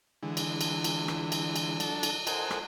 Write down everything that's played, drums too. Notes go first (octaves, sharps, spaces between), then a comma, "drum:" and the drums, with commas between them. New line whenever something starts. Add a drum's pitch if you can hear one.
D3 E3 G#3
drum: cymbal
drum: cymbal
drum: cymbal
drum: rim click
drum: cymbal
drum: cymbal
F#3 D4 A4 A5, drum: cymbal
drum: cymbal
A4 A#4 C5 D#5 F#5 G#5, drum: cymbal
drum: rim click